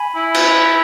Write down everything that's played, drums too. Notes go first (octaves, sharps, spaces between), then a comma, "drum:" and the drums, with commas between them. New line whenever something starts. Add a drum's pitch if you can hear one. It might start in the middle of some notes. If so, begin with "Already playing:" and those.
Already playing: G#5 B5
E4
drum: cymbal